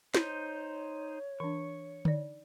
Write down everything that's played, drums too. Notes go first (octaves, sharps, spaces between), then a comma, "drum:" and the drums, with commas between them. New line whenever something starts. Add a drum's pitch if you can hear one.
D#4 C5 C#5, drum: snare
E3 D4 C#6
D#4 D5, drum: tom D3